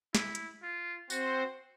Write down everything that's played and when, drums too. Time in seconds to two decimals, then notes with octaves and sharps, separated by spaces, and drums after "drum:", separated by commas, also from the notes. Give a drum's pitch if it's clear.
0.15 E4, drum: snare
0.35 drum: hi-hat
0.63 F4
1.10 C4 F#4 C5, drum: tambourine